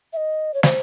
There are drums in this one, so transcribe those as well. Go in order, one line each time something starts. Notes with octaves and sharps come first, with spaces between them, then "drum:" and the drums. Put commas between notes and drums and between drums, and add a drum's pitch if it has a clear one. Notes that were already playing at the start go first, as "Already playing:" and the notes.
E5
D#5
C#5
C5, drum: snare